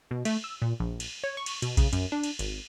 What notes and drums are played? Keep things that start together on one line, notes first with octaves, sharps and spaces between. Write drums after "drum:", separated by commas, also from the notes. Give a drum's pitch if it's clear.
B2
A3, drum: cymbal
E6
A#2
A#1
drum: cymbal
C#5
C#6
drum: cymbal
B2, drum: cymbal
C#3, drum: kick A#1, cymbal
F#2, drum: cymbal
D4
drum: cymbal
G#1, drum: cymbal